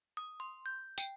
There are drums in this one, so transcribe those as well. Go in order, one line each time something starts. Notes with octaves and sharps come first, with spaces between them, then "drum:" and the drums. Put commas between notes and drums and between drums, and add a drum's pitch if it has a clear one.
D#6
C6
G6
G5, drum: tambourine